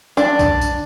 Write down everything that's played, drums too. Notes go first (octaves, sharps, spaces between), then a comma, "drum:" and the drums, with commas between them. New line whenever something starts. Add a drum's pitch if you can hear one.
D4, drum: tambourine
drum: kick, tambourine
drum: tambourine